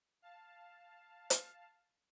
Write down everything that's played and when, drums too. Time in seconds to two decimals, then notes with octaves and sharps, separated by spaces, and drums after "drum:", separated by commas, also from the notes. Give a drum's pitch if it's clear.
0.22 F5 A5
1.30 drum: hi-hat